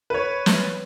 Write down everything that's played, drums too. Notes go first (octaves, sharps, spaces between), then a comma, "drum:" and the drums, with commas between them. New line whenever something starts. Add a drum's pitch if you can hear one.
B4 C#5
drum: snare